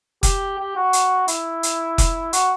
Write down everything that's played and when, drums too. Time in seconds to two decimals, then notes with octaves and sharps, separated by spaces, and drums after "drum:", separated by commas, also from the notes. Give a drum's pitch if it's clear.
0.23 G4, drum: kick F1, hi-hat
0.58 G4
0.76 F#4
0.93 drum: hi-hat
1.28 E4, drum: hi-hat
1.63 drum: hi-hat
1.98 drum: kick F1, hi-hat
2.33 F#4, drum: hi-hat